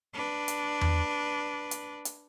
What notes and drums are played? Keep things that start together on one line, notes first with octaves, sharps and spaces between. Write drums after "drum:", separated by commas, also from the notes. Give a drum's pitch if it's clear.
D4 B4
drum: hi-hat
drum: tom E2
drum: hi-hat
drum: hi-hat